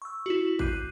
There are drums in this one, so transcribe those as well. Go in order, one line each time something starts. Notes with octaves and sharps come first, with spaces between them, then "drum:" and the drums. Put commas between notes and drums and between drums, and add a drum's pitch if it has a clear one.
C#6 E6
E4 F#4
D6 F#6 G6 C7 D#7, drum: kick G#1